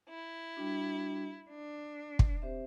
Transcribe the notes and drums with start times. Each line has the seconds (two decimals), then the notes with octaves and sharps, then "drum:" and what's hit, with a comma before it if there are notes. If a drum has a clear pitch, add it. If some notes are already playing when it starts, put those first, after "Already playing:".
0.09 E4
0.56 G3 D4 F#4
1.50 D4
2.19 drum: kick
2.42 C4 G4 C5 E5